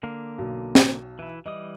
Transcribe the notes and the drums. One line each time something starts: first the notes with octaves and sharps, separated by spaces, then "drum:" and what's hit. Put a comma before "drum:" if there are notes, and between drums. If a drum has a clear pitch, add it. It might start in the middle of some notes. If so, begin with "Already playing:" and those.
D3 A#3 F5
B1
drum: snare
E3 E4
E3 G3 D#5 D#6